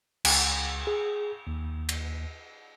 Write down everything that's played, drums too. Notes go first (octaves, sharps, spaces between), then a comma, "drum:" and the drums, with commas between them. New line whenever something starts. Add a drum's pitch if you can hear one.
C#2, drum: cymbal
G#4
D#2
drum: cymbal